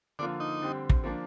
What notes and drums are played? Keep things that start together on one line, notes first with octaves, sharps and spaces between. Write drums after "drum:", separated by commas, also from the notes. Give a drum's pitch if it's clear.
D3 F3 A#3 D4 F4
D#4
D3 G3 C4 G4
drum: kick
F3 A#3 D4